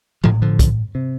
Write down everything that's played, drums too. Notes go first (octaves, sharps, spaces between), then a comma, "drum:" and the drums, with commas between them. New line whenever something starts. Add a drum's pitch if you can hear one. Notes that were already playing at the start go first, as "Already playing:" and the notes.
A1 A2 D3 F3, drum: tom A#2
D3 F3
drum: kick, hi-hat
C3